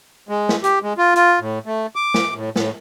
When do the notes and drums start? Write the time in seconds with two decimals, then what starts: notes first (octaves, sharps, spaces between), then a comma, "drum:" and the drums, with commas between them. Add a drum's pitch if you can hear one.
0.29 G#3
0.49 drum: snare
0.64 G4, drum: hi-hat
0.82 G#3
0.98 F4
1.16 F4, drum: hi-hat
1.40 A2
1.66 A3
1.96 D6
2.14 drum: snare
2.35 A2
2.56 A2, drum: snare